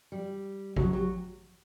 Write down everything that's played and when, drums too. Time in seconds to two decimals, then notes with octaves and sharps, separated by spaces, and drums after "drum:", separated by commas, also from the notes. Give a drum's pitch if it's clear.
0.12 G3
0.76 F#3 F#4, drum: kick G#1
0.93 F#3 G4